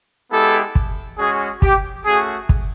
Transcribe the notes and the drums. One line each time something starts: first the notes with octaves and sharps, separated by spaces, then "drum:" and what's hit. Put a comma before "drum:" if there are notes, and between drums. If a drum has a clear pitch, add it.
G#3 B3 E4 G4 A4
drum: kick
G#3 C#4 F#4 G#4
G4, drum: kick
A3 C#4 F#4 G#4
drum: kick